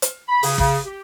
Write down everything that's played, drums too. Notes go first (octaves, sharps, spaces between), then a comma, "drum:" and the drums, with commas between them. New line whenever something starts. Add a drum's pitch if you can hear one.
drum: hi-hat
B5
C#3, drum: open hi-hat
C#3, drum: kick
G4